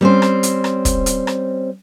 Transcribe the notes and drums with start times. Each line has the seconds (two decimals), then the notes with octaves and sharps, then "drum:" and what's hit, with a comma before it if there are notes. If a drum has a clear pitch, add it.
0.01 G3 C4 C#4 C5
0.22 drum: rim click
0.43 drum: hi-hat
0.64 drum: rim click
0.85 drum: kick, hi-hat
1.06 drum: hi-hat
1.27 drum: rim click